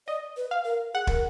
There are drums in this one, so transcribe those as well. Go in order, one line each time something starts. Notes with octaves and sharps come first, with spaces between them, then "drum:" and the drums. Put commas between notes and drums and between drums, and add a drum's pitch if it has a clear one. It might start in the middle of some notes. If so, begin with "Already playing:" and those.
D5 D#5
B4
F5
A#4
G#4 F#5
A#4, drum: kick